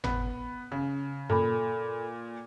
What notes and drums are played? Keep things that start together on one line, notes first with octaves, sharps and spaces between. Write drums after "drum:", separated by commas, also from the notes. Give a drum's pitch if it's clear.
B3, drum: tom G#1
C#3
A#2 A4 B5